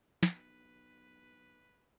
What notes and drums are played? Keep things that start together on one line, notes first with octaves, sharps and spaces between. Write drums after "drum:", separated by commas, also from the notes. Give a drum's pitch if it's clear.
B1 B4, drum: snare